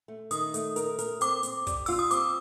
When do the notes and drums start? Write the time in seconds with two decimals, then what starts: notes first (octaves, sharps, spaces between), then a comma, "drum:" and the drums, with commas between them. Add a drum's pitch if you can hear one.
0.08 A3
0.31 D#3 D#6, drum: hi-hat
0.54 A3, drum: hi-hat
0.76 A#4, drum: hi-hat
0.99 A#4, drum: hi-hat
1.21 C4 D6, drum: hi-hat
1.43 C4, drum: hi-hat
1.67 G3, drum: kick, hi-hat
1.86 F4 E6, drum: open hi-hat
1.99 D#6
2.11 C4 D6, drum: hi-hat